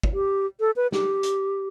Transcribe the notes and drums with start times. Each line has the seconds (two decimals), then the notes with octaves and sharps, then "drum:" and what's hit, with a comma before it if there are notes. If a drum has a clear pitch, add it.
0.03 drum: kick
0.13 G4
0.60 A4
0.76 B4
0.92 G4, drum: snare
1.23 drum: hi-hat